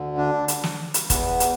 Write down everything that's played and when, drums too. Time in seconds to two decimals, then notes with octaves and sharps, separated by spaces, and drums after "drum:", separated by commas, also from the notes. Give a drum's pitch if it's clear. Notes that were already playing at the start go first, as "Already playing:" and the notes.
Already playing: D2 D3
0.17 D4
0.48 drum: hi-hat
0.64 drum: snare
0.94 drum: hi-hat
1.10 E2 E3 B3, drum: kick, hi-hat
1.40 drum: hi-hat